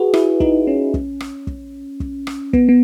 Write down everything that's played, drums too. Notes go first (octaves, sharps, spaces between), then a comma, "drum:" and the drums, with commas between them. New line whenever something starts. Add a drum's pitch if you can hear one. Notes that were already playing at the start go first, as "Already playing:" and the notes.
Already playing: F#4 G#4 B4
E4, drum: rim click
D#4, drum: kick
C#4
drum: kick
drum: rim click
drum: kick
drum: kick
drum: rim click
B3, drum: kick
B3